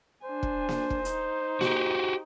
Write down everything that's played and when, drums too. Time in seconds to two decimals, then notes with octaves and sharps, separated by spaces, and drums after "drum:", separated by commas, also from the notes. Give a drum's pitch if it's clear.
0.24 D4 C5 G#5
0.43 drum: kick
0.69 drum: snare A#3
0.90 drum: kick
1.05 D#4, drum: hi-hat
1.61 F#4 G4, drum: snare A#3